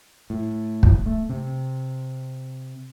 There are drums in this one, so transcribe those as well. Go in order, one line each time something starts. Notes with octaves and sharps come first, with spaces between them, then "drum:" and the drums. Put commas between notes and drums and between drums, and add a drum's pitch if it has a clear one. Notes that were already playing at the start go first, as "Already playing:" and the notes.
A2
drum: kick
A3
C3